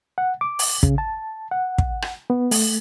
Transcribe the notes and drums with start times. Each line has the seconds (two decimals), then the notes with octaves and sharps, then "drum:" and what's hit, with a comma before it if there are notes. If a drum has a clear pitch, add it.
0.18 F#5
0.41 D6
0.59 drum: open hi-hat
0.83 C#3, drum: kick
0.98 A5
1.51 F#5
1.78 drum: kick
2.02 drum: rim click
2.30 B3
2.51 A3, drum: open hi-hat